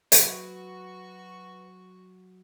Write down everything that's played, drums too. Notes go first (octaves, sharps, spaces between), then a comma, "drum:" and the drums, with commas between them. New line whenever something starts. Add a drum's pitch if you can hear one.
F#3 F#4 B4 C#6, drum: hi-hat